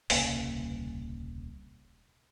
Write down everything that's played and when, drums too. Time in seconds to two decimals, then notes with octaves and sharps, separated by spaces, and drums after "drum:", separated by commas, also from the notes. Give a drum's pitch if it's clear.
0.10 D#1 C2 C#3 A#3, drum: open hi-hat